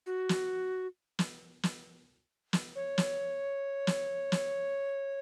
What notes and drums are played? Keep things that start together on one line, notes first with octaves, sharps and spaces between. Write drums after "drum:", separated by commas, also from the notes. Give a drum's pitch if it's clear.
F#4
drum: snare
drum: snare
drum: snare
drum: snare
C#5
drum: snare
drum: snare
drum: snare